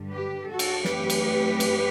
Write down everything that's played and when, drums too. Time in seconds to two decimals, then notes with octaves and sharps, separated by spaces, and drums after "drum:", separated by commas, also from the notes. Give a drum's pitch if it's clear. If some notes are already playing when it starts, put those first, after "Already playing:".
Already playing: G2 D3 G3
0.08 G4 B4
0.47 F#4 A4
0.59 drum: cymbal
0.85 F#2 E3 A3 C4 G4 B4, drum: snare
1.10 drum: cymbal
1.60 drum: cymbal